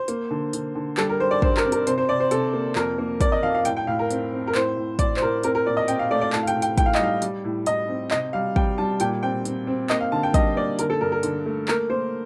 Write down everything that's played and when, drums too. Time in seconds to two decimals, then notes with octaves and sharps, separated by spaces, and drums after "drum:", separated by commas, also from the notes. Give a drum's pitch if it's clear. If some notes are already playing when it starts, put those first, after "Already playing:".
Already playing: C5
0.08 A#3, drum: hi-hat
0.31 D3
0.53 D3, drum: hi-hat
0.75 D3
0.97 G3 A4, drum: clap
1.09 A#4
1.20 G3 C5
1.31 D5
1.42 G2 C5, drum: kick
1.57 A#4, drum: clap
1.65 C4
1.72 A#4, drum: hi-hat
1.87 C3 C5, drum: hi-hat
1.98 C5
2.09 C3 D5
2.20 C5
2.31 C3 A4, drum: hi-hat
2.53 A#3
2.76 F2 A#4, drum: clap
2.98 A#3
3.21 A#3 D5, drum: kick, hi-hat
3.32 D#5
3.43 F2 F5
3.55 F5
3.65 A2 G5, drum: hi-hat
3.77 G5
3.87 A2 F5
3.99 A#4
4.10 C4, drum: hi-hat
4.32 C4
4.47 A#4
4.55 A2 C5, drum: clap
4.76 A2
4.99 A2 D5, drum: kick, hi-hat
5.17 C5, drum: clap
5.22 A2 A#4
5.43 C4 A#4, drum: hi-hat
5.55 A#4
5.66 A#2 D5
5.77 D#5
5.88 C4 G5, drum: hi-hat
5.99 F5
6.11 A3 D5
6.21 D5
6.33 A2 A5, drum: clap
6.43 F5
6.47 G5, drum: hi-hat
6.55 A2
6.62 G5, drum: hi-hat
6.78 A2 G5, drum: kick, hi-hat
6.86 F5
6.95 D#5, drum: clap
6.99 G3 F5
7.22 G3, drum: hi-hat
7.44 A2
7.66 A2 D#5, drum: hi-hat
7.88 C4
8.11 C3 D#5, drum: clap
8.33 G3 F5
8.56 G3 G5, drum: kick
8.78 G3 A5
9.00 A#2 G5, drum: hi-hat
9.23 C4 G5
9.45 C4, drum: hi-hat
9.67 C4
9.90 A#3 D#5, drum: clap
10.01 F5
10.12 D3 A5
10.23 G5
10.34 G3 D#5, drum: kick, hi-hat
10.56 A#3 D5
10.79 D3 A#4, drum: hi-hat
10.90 A4
11.01 G2 A#4
11.12 A#4
11.23 D3, drum: hi-hat
11.46 A3
11.68 A#3 A#4, drum: clap
11.89 A#3 C5